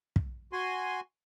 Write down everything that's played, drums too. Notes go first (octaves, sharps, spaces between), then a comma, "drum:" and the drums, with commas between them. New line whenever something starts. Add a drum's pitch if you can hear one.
drum: kick
F#4 G#5 C6